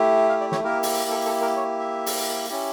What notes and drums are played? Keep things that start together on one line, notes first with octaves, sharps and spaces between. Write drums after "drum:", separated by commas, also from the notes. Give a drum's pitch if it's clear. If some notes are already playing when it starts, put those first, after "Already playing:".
Already playing: A3 E4 G4
F5
D5
C#5, drum: snare
A#3 E4 G4 A#4
drum: open hi-hat
A4
A4
A#4
C#5
E5
drum: open hi-hat
C#4 E4 G4